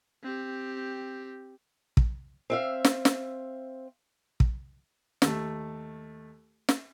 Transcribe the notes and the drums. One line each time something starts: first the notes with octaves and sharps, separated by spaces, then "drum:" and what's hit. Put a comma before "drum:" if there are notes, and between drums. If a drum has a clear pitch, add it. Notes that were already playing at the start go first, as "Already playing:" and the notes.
C4 G4
drum: kick
C4 E5 F5
drum: snare
drum: snare
drum: kick
D#2 A3, drum: snare
drum: snare